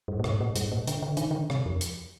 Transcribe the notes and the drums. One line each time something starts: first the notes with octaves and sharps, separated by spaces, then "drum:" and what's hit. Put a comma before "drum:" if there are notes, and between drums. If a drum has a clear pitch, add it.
G2
A#2
G#2, drum: rim click
A#2
G2, drum: hi-hat
A#2
D3, drum: hi-hat
D3
D#3, drum: hi-hat
D3
C3, drum: rim click
F2
drum: hi-hat